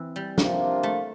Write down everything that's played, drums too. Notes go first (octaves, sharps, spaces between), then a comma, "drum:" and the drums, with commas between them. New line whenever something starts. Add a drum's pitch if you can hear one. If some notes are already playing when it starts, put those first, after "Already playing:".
Already playing: E3 C4
G3
C3 F3 A#3 D4 F4, drum: snare
A3